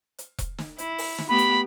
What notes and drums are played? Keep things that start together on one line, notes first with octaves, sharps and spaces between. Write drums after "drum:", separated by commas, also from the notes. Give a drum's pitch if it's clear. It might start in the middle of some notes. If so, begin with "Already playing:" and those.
drum: hi-hat
drum: kick E1, hi-hat
drum: snare
E4, drum: hi-hat
drum: open hi-hat
drum: snare
A3 B3 G4 B5
drum: hi-hat